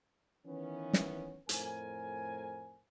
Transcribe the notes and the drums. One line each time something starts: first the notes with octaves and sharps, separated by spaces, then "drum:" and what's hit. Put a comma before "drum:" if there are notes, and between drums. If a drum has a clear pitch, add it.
D#3 E3 B3 C#4
drum: snare
F2 A2 A#4 C5 G#5, drum: hi-hat